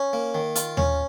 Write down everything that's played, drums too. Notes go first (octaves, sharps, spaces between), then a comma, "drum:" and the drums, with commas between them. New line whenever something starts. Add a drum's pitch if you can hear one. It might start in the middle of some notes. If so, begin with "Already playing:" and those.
Already playing: C#4
A#3
D#3
F4, drum: hi-hat
C#4, drum: tom D#2